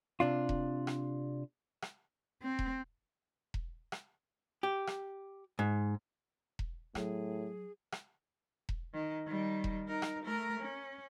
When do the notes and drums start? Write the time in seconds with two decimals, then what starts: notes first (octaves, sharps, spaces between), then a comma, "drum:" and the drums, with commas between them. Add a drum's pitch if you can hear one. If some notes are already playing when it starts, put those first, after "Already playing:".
0.20 C3 D4 F4
0.49 drum: kick E1
0.87 drum: rim click
1.82 drum: rim click
2.42 C4
2.59 drum: kick E1
3.54 drum: kick E1
3.92 drum: rim click
4.63 G4
4.87 drum: rim click
5.59 G#2
6.59 drum: kick E1
6.95 A2 F#3 G#4, drum: rim click
7.92 drum: rim click
8.69 drum: kick E1
8.94 D#3
9.26 D#3 G3
9.64 drum: kick E1
9.87 D#4 A#4
10.02 drum: rim click
10.24 A3 A#4
10.60 C#4